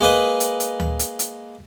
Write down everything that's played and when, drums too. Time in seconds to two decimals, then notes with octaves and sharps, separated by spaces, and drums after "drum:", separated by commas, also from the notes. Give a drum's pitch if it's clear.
0.01 G#3 A#3 B4 D#5
0.40 drum: hi-hat
0.60 drum: hi-hat
0.80 drum: tom D2
0.99 drum: hi-hat
1.19 drum: hi-hat